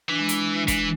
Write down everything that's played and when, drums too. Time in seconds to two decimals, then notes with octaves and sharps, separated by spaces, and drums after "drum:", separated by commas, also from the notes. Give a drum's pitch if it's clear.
0.09 E3 D4
0.19 G#3
0.29 drum: hi-hat
0.68 E3, drum: kick, hi-hat